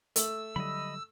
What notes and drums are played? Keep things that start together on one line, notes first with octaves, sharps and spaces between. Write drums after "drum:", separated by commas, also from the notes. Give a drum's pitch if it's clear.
A3 E6, drum: hi-hat
D3 F#3 G3 D#5 B5